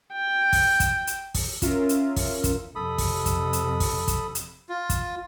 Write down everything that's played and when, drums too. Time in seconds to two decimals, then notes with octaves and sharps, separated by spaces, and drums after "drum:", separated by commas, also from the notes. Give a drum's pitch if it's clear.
0.14 G5
0.53 drum: kick, open hi-hat
0.80 drum: kick, hi-hat
1.07 drum: hi-hat
1.35 drum: kick, open hi-hat
1.62 C#4 F4 A#4 E5, drum: kick, hi-hat
1.89 drum: hi-hat
2.16 drum: kick, open hi-hat
2.44 drum: kick, hi-hat
2.75 F2 C3 A4 B5 D#6
2.98 drum: kick, open hi-hat
3.26 drum: kick, hi-hat
3.53 drum: hi-hat
3.80 drum: kick, open hi-hat
4.08 drum: kick, hi-hat
4.35 drum: hi-hat
4.69 F4
4.90 drum: kick, hi-hat